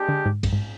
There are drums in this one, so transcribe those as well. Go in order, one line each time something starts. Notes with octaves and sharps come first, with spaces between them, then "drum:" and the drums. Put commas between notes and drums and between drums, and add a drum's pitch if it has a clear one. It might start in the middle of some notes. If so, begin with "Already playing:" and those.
Already playing: G#3 D4 G4
D3
G#2
G2, drum: kick, cymbal
G#2